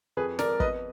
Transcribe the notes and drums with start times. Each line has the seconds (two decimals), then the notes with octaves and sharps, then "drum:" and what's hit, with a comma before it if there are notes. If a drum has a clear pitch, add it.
0.17 F2 G#4 B4
0.39 F2 A#4 D5, drum: snare
0.60 B3 B4 D#5, drum: kick